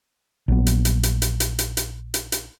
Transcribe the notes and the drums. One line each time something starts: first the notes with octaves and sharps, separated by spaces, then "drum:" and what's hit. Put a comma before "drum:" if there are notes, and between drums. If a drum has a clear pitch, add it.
A#1 F#3 B3
drum: hi-hat
drum: hi-hat
drum: hi-hat
drum: hi-hat
drum: hi-hat
drum: hi-hat
drum: hi-hat
drum: hi-hat
drum: hi-hat